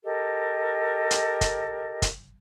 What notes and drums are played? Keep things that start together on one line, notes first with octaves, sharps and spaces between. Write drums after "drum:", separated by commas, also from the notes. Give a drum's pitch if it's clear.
G4 A4 A#4 D#5
drum: hi-hat
drum: kick, hi-hat
drum: kick, hi-hat